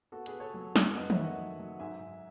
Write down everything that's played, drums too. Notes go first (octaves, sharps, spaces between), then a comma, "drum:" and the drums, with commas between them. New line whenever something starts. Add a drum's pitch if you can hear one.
B3 F#4 A4
G#4 B4, drum: hi-hat
B3
A4 C#5
F#3
F#2, drum: snare
F#2 B4 D#5
C#5 E5, drum: tom
D#3
D#5 F#5
F#3
F#3
G#2 E5 G#5
G#2